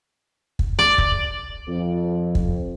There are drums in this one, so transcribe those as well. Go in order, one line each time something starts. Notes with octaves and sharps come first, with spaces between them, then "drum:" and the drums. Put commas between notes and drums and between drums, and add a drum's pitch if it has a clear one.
drum: kick
D5
drum: kick
F2
drum: kick